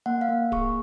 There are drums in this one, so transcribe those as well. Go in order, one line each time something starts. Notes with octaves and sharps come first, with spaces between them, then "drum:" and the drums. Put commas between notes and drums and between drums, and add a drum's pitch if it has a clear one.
A#3 F#5
F5
A#3
G#4 C#6, drum: kick D1